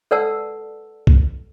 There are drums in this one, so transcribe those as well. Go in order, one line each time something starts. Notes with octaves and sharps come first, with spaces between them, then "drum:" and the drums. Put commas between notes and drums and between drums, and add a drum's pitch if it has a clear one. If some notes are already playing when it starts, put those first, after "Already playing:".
A4 B4 D5 F#5 A5 E6
drum: kick B1